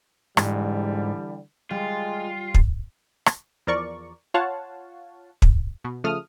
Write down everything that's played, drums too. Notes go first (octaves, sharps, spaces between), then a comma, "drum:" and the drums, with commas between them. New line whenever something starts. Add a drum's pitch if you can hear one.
G#2 D3 E3 G3, drum: rim click
G3 G#3 F4
drum: kick
drum: rim click
E2 F3 A#4 D5 C#6
F4 C#5 F5 F#5 A5
drum: kick
B2
C#3 F3 A3 D#6 F6